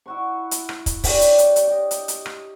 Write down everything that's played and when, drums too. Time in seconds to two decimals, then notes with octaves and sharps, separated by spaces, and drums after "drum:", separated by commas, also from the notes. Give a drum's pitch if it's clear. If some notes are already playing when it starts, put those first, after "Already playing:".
0.06 E4 F#4 C#6
0.51 drum: hi-hat
0.69 drum: rim click
0.86 drum: kick, hi-hat
1.04 D4 G4 C#5 D5, drum: kick, open hi-hat
1.21 drum: hi-hat
1.38 drum: hi-hat
1.56 drum: hi-hat
1.67 G4 D#5
1.91 drum: hi-hat
2.08 drum: hi-hat
2.26 drum: rim click